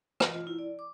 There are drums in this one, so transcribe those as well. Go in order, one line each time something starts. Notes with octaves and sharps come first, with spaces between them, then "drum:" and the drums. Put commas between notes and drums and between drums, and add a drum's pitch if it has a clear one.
D#5, drum: rim click
F4
E4
D5
D6